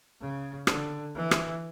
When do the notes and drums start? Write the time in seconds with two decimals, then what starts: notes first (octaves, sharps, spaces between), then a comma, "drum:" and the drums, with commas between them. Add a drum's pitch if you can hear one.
0.20 C#3
0.67 D3, drum: rim click
1.15 E3
1.31 drum: rim click